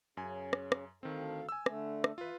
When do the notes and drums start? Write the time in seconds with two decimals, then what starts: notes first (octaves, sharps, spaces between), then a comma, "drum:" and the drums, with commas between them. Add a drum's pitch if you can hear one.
0.17 F#2 C#3 G#5
0.53 drum: rim click
0.72 drum: rim click
1.03 D2 D#3 C4 A4 F5
1.49 G#5 E6
1.66 D3 A3, drum: rim click
2.04 drum: rim click
2.18 E3 F4 B4